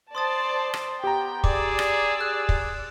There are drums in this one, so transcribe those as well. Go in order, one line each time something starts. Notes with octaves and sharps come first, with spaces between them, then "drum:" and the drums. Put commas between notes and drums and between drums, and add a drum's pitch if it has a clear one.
C5 D5 A5 C6 D#6 A6
drum: rim click
B3 G4 G5 A#5
G#4 D5 D6 E6, drum: kick
drum: rim click
G#4 F#6
drum: kick